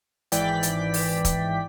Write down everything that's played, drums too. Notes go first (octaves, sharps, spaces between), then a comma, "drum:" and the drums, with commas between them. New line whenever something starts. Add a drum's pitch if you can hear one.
G#1 G#2 E3 D5 G5 B6, drum: hi-hat
drum: hi-hat
drum: open hi-hat
drum: kick, hi-hat